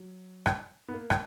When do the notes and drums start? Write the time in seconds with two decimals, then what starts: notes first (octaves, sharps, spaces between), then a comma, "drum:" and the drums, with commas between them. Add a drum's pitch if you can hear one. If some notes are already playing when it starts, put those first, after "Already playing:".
Already playing: F#3
0.46 drum: rim click
0.88 B3
0.94 A#3
1.10 drum: rim click